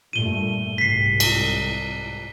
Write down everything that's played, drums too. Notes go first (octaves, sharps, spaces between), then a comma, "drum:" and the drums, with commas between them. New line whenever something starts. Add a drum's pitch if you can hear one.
G2 A#2 A3 D#7 G7
C2 G#2 C3 B6 C7
drum: cymbal